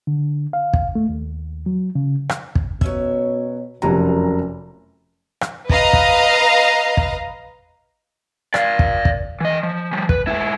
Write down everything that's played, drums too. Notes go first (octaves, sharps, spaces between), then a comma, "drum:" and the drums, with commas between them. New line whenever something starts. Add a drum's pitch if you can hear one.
D3
F5
drum: kick
A3
D#2
F#3
C#3
drum: rim click
drum: kick
B2 F#3 C#4 E5, drum: kick
F1 F#2 C3 E3 A#5
drum: rim click
B4 D#5 F5 A#5, drum: kick
drum: kick
drum: kick
D5 F5, drum: rim click
drum: kick
drum: kick
E3 D#5
F3
F3 G3
B4, drum: kick
G#2 E4